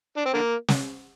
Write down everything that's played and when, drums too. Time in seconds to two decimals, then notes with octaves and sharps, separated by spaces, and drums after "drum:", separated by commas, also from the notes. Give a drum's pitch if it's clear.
0.17 D4
0.26 C4
0.34 D3 A#3
0.68 drum: snare